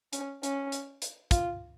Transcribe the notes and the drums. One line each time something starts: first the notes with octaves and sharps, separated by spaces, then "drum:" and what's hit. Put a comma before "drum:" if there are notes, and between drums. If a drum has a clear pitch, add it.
C#4, drum: hi-hat
C#4, drum: hi-hat
drum: hi-hat
drum: hi-hat
F4, drum: kick, hi-hat